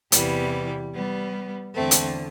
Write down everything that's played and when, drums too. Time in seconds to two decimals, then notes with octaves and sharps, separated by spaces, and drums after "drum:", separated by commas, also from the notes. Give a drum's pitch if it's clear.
0.12 E2 C3 E3 G3 B3, drum: hi-hat
0.94 G3 B3
1.75 E2 D3 A3 C4
1.91 drum: hi-hat